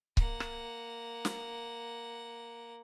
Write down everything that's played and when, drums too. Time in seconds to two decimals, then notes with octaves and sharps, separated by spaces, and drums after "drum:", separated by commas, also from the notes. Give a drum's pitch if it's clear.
0.17 A#3 F#5, drum: kick C#1
0.40 drum: rim click
1.25 drum: snare